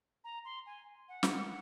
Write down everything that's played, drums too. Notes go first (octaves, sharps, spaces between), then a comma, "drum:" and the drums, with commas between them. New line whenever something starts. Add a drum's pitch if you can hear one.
A#5
C6
G#5
F#5
drum: snare